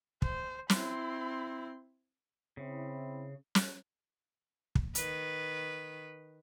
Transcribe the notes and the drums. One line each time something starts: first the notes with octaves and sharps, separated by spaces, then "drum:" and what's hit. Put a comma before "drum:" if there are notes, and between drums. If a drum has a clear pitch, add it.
C5, drum: kick
C4 E4 C6, drum: snare
C#3 C4 E4
drum: snare
drum: kick
D#3 B4, drum: hi-hat